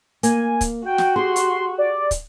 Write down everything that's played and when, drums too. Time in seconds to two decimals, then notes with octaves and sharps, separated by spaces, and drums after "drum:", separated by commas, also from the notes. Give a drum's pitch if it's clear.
0.23 A#3 G#5, drum: hi-hat
0.61 drum: kick, hi-hat
0.85 F#4 G5
0.98 drum: snare
1.16 G4 G#4 C6
1.36 drum: hi-hat
1.78 D5
2.11 drum: kick, hi-hat